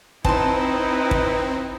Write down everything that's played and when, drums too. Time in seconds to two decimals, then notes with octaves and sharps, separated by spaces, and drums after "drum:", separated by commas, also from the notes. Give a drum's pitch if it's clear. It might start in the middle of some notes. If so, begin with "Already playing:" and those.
0.25 C4 D#4 E4 B4 A5 C6, drum: kick
1.11 drum: kick